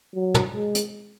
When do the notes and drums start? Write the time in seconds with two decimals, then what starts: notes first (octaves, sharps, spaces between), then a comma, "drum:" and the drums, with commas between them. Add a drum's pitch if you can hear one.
0.15 F#3
0.34 drum: tom
0.55 G#3
0.75 drum: hi-hat